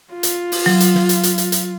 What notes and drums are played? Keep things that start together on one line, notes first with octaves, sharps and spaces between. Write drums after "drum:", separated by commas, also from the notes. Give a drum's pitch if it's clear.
F4
drum: hi-hat
drum: open hi-hat
F#3, drum: snare
drum: hi-hat
drum: snare
drum: hi-hat
drum: hi-hat
drum: hi-hat
drum: hi-hat